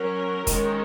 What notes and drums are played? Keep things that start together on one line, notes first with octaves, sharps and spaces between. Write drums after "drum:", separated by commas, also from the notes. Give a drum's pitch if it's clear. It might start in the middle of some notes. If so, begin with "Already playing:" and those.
Already playing: F#3 C#4 A#4
D#3 G#3 C#4, drum: kick D#1, hi-hat